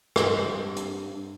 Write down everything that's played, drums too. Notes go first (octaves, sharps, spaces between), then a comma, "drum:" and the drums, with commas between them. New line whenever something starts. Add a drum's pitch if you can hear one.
G2 C4, drum: rim click
drum: hi-hat